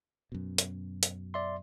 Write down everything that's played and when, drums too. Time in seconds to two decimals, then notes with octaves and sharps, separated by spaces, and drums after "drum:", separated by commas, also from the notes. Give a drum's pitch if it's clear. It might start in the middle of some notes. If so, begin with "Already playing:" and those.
0.32 F#2 B2
0.58 drum: hi-hat
1.03 drum: hi-hat
1.34 D5 E5 C6